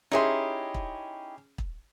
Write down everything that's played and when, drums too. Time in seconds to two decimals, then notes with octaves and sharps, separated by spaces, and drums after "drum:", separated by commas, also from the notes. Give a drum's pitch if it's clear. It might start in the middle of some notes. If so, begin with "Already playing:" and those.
0.12 C#4 D#4 E4 G4 G#4 C6
0.74 drum: kick
1.58 drum: kick